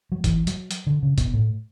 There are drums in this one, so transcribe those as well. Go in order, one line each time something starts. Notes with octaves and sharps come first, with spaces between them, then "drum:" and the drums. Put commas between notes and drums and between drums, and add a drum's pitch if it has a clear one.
F#3
E3, drum: kick, hi-hat
F#3, drum: hi-hat
drum: hi-hat
D3
C#3
B2, drum: kick, hi-hat
A2